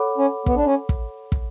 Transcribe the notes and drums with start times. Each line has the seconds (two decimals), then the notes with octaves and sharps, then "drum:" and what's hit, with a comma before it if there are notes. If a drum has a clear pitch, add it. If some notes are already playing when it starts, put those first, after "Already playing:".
Already playing: A4 C#5 F#5 B5 D6
0.18 C#4
0.46 B3, drum: kick
0.56 D4
0.65 C#4
0.89 drum: kick
1.32 drum: kick